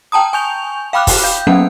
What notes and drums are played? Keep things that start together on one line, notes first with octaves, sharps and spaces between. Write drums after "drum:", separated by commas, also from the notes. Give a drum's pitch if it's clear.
G5 A5 A#5 D#6
G#5 C#6 G6 F7
F5 G5 B5 D6 F6 F#6
drum: kick, open hi-hat
F5 G6
F#3 A#3 B3 C#4 A4 F#5